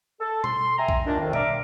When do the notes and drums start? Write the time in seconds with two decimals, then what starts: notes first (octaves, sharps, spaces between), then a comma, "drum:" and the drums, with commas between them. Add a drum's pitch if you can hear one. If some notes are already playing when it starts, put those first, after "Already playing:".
0.20 A4
0.44 C6, drum: tom B2
0.77 E5 G5 G#5 A#5
0.89 drum: kick
1.05 A#2 D#3 D4
1.19 F2 D#3
1.33 D5 E5 F5 A#5 D6, drum: tom B2